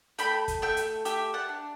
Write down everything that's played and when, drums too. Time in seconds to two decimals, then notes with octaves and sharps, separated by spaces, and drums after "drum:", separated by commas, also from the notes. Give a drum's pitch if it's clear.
0.18 A3 G5 B5, drum: hi-hat
0.48 drum: kick, hi-hat
0.62 A3 E5 G5
0.77 drum: hi-hat
1.05 G4 E5 G5, drum: hi-hat
1.34 F#5 A5
1.49 D4